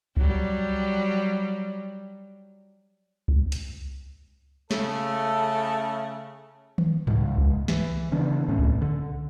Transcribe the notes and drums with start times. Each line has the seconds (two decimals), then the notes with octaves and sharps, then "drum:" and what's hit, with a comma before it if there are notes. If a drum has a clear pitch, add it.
0.17 F#3 G3, drum: kick C2
3.28 drum: kick C2
3.52 drum: hi-hat
4.71 C#3 A3 A4, drum: snare
6.78 drum: tom D#3
7.07 C#2 G#2, drum: tom G2
7.38 drum: kick C2
7.68 E3, drum: snare
8.12 C#3 E3 B3 D4
8.48 A2 A3 C4 C#4
8.59 drum: kick C2
8.82 D3